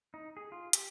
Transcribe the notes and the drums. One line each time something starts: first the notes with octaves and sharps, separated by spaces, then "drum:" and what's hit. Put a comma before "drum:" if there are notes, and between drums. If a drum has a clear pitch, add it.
D#4
G#4
F4
G4, drum: hi-hat